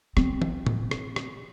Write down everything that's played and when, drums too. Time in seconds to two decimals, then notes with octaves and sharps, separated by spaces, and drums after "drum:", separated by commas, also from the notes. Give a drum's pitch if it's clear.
0.17 C4, drum: rim click
0.42 drum: tom
0.66 drum: tom
0.91 drum: rim click
1.16 drum: rim click